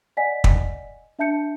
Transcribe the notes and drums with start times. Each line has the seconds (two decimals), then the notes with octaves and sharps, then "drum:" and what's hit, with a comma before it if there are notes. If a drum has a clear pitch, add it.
0.17 D5 D#5 F#5 G#5 B6
0.44 drum: kick
1.19 D4 E5 A5 G6 C#7